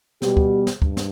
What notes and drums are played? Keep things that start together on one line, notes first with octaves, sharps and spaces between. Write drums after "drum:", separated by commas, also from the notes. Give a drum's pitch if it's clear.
B2 G3 B3 G4, drum: snare
drum: kick
drum: snare
G2, drum: kick
drum: snare